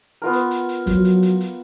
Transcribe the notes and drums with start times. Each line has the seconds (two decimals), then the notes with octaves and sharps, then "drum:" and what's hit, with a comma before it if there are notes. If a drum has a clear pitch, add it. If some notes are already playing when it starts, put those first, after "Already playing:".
0.22 B3 F4 A#4
0.33 drum: hi-hat
0.51 drum: hi-hat
0.69 drum: hi-hat
0.87 F#3, drum: kick, hi-hat
1.05 drum: hi-hat
1.23 drum: hi-hat
1.41 drum: hi-hat